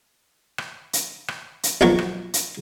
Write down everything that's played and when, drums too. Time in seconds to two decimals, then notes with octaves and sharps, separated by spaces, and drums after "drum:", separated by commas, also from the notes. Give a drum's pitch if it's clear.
0.58 drum: rim click
0.93 drum: hi-hat
1.28 drum: rim click
1.63 drum: hi-hat
1.81 B1 B2 F3 F#3 A#3 C#6
1.99 drum: rim click
2.34 drum: hi-hat